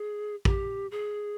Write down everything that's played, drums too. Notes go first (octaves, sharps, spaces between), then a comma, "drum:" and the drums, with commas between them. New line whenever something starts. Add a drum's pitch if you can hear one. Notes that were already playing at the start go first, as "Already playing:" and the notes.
Already playing: G#4
G4, drum: kick
G#4